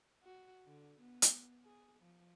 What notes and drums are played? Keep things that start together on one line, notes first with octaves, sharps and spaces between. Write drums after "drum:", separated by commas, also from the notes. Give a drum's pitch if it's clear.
F#4
D3
B3
drum: hi-hat
G#4
F3